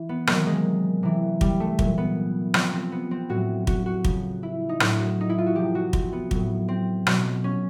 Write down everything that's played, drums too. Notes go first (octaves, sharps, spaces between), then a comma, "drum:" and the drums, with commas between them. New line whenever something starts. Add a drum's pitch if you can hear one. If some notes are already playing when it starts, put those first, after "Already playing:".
Already playing: E3
B3
C3 D#3 F#3 A#3, drum: rim click
G#3
C3 E3
G3, drum: kick
A3
A#2 F#3, drum: kick
B3
C3 F3 C4, drum: rim click
C4
B3
C4
A2 F#3 F#4
F#4, drum: kick
F#4
C#3 F3, drum: kick
E4
D#4
A2 F#3 D4, drum: rim click
F#4
D#4
E4
F4
F#4
C3 F3 G4
F#4
C4, drum: kick
B3
A2 F#3, drum: kick
C4
B2 F#3, drum: rim click
C#4